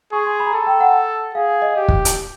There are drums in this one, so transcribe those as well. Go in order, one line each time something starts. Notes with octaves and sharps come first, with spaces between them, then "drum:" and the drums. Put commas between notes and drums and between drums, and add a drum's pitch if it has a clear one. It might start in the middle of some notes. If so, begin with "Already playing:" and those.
G#4 C#6
C6
B5
A#5
A4 A5
G5
F#5
G#4 F5
D#5
G4
drum: kick
drum: hi-hat